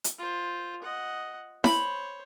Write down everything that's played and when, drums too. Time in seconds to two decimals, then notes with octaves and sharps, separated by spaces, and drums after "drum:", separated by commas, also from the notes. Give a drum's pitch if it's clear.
0.04 drum: hi-hat
0.18 F4 C5
0.82 D#5 F#5
1.64 C5 C#5 B5, drum: snare E4